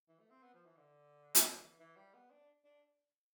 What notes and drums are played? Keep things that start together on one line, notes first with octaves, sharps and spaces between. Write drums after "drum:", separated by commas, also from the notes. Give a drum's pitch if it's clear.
E3
A3
C4
B3
F3
E3
D3
drum: hi-hat
D3
E3
E3
G3
B3
D4
D4